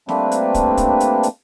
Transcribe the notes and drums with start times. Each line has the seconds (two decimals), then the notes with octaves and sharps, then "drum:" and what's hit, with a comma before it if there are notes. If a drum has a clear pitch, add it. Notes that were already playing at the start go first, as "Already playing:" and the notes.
0.09 G3 A3 A#3 C4 D4 B4, drum: snare
0.32 drum: hi-hat
0.54 drum: kick, hi-hat
0.77 drum: kick, hi-hat
1.00 drum: hi-hat
1.23 drum: hi-hat